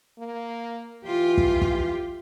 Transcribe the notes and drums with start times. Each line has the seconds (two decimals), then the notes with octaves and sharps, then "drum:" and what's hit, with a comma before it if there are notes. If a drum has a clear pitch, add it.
0.18 A#3
1.04 E3 F4 G4
1.37 drum: kick
1.61 drum: kick